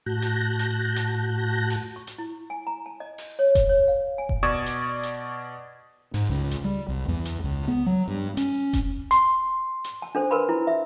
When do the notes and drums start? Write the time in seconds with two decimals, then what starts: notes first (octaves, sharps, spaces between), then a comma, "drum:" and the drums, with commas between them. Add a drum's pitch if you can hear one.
0.06 A2 F#4 A5 F#6 G6 A#6
0.22 drum: hi-hat
0.59 drum: hi-hat
0.96 drum: hi-hat
1.70 drum: open hi-hat
1.96 C#6
2.07 drum: hi-hat
2.18 E4
2.50 G#5
2.67 A#5
2.86 A5
3.00 D#5
3.18 drum: open hi-hat
3.39 C#5
3.55 drum: kick F1, hi-hat
3.69 C#5
3.88 F5
4.18 G#5
4.29 drum: kick F1
4.43 B2 D5 C#6 D#6 G#6 E7
4.66 drum: hi-hat
5.03 drum: hi-hat
6.14 G#2, drum: open hi-hat
6.29 C#2
6.51 drum: hi-hat
6.64 G3
6.88 C2
7.08 E2
7.25 drum: hi-hat
7.44 C#2
7.68 B3
7.86 F#3
8.08 G2
8.37 C#4, drum: hi-hat
8.73 drum: kick F1, hi-hat
9.11 C6, drum: hi-hat
9.84 drum: hi-hat
10.02 A5
10.15 D4 A4 C5
10.31 A#4 B4 A5 B5 C6
10.49 E4
10.67 E5